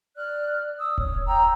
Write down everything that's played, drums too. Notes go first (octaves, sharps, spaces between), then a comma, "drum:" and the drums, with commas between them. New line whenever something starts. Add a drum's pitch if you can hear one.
D5 F6 F#6
D#6 E6
C#5, drum: kick D#1
G5 A#5 E6